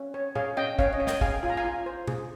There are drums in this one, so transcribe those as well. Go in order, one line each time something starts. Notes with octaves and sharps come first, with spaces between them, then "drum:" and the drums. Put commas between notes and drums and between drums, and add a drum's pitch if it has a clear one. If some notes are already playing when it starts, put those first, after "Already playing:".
Already playing: C#4
C#5
G#4 C#5 F5, drum: tom A#2
C#4 D#5 G5
C#4 C#5 F5, drum: kick
D#5
C#5
D#5 G5, drum: snare
G#4 F5 G#5, drum: kick
F4 G#5
A#5
F5 G#5
F4
C5
G#4, drum: tom B2